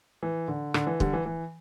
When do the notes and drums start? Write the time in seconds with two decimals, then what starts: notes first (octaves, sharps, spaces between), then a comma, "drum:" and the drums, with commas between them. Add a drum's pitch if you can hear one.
0.23 E3
0.48 D3
0.74 D3, drum: rim click
0.87 E3
1.00 D3 G3, drum: kick
1.13 E3
1.26 E3